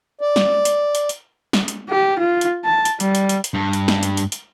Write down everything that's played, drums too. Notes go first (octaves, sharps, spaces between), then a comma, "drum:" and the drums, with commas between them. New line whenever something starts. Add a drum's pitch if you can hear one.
D5
drum: snare
drum: hi-hat
drum: hi-hat
drum: hi-hat
drum: snare
drum: hi-hat
G4
F4
drum: hi-hat
A5
drum: hi-hat
G3, drum: hi-hat
drum: hi-hat
drum: hi-hat
drum: hi-hat
G2
drum: hi-hat
drum: snare
drum: hi-hat
drum: hi-hat
drum: hi-hat